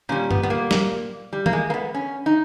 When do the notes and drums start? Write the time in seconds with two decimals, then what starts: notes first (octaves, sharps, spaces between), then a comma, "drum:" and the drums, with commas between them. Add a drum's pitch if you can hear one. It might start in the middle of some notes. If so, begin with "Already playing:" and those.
0.09 A#2 G3 C#4
0.31 B3, drum: tom G2
0.43 B3
0.50 A#3
0.71 drum: snare
1.33 G3
1.46 A#3, drum: tom D#3
1.53 G#3
1.70 A#3
1.74 B3
1.94 C#4
2.26 D#4